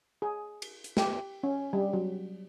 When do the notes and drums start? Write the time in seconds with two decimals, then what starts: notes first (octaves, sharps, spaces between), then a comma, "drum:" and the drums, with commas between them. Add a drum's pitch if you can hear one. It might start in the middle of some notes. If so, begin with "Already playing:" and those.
0.22 G#4
0.62 drum: cymbal
0.84 drum: hi-hat
0.97 G4, drum: snare
1.43 C#4
1.73 G3
1.93 F#3